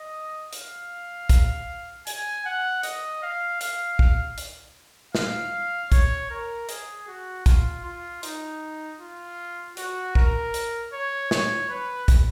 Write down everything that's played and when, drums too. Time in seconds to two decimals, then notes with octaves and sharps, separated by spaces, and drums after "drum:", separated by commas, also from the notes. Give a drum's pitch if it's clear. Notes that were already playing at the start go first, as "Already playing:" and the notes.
Already playing: D#5
0.53 F5, drum: hi-hat
1.29 drum: kick, hi-hat
2.07 G#5, drum: hi-hat
2.45 F#5
2.83 D#5, drum: hi-hat
3.22 F5
3.61 F5, drum: hi-hat
3.99 drum: kick
4.38 drum: hi-hat
5.15 F5, drum: snare
5.92 C#5, drum: kick, hi-hat
6.30 A#4
6.69 G#4, drum: hi-hat
7.07 F#4
7.46 F4, drum: kick, hi-hat
7.84 F4
8.23 D#4, drum: hi-hat
9.00 F4
9.77 F#4, drum: hi-hat
10.15 A#4, drum: kick
10.54 drum: hi-hat
10.93 C#5
11.31 C#5, drum: snare
11.69 B4
12.08 drum: kick, hi-hat